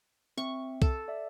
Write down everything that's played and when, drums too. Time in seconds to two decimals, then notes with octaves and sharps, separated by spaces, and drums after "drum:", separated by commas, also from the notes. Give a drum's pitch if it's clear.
0.37 C4 E5 C#6
0.82 A4, drum: kick
1.08 D5 E5